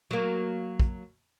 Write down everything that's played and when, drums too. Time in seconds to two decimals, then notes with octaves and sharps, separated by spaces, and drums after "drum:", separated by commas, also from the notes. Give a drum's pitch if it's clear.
0.11 F#3 A#3
0.80 drum: kick